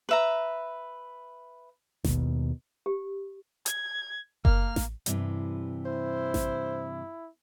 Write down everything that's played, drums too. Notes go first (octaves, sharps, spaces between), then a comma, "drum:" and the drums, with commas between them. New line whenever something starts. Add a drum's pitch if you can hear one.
B4 E5 A#5
D#2 B2, drum: snare A1
G4
G#6, drum: hi-hat
A#3 F6, drum: kick F#1
drum: snare A1
G2 C3 E3, drum: hi-hat
E4 C5
drum: snare A1